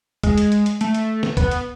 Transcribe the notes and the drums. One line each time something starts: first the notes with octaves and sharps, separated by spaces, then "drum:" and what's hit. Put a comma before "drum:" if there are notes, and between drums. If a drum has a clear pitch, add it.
G#3, drum: kick, hi-hat
drum: hi-hat
drum: hi-hat
drum: hi-hat
A3, drum: hi-hat
drum: hi-hat
drum: snare
B3, drum: kick, hi-hat
drum: hi-hat